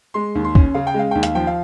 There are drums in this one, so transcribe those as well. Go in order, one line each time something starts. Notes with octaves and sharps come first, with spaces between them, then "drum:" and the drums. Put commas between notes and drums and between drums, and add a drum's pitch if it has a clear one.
G#3 C6
D#2
C6
C#4, drum: kick
C#3 F5
G5
G#3 F5
D#2 G5
F5, drum: hi-hat
F3 G5
F5